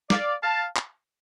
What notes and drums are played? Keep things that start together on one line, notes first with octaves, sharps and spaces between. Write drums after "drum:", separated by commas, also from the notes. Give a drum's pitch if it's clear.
D5 F5, drum: snare
F5 A5
drum: clap